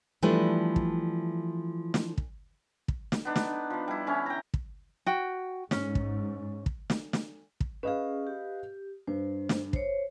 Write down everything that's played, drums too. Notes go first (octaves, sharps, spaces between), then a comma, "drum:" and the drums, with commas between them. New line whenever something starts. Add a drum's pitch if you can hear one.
E3 F3 G3 A3 D4 B4
drum: kick
drum: snare
drum: kick
drum: kick
drum: snare
B3 D4 D#4
drum: snare
F3 B3
G3 E4
D3 E3 C#4
G5 A#5
drum: kick
F#4 G5
G#2 C#4, drum: snare
drum: kick
drum: kick
drum: snare
drum: snare
drum: kick
C#4 G#4 B4 D#5 F5
G4
G2 C5
drum: snare
C5 C#5, drum: kick